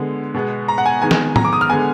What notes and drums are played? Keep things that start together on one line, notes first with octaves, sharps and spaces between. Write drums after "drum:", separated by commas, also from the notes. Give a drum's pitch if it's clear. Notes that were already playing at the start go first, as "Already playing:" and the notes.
Already playing: D3 G#3 B3
B2 G#3 B3
A#5
F#5
G#5
D#3 G#3 B3 G#5
drum: snare
A#5, drum: tom A2
D6
D#6
F6
D3 G#3 B3 G#5